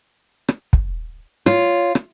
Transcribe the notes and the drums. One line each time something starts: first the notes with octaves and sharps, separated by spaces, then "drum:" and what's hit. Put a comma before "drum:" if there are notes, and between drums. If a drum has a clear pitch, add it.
drum: rim click
drum: kick
F4 C#5, drum: rim click
drum: rim click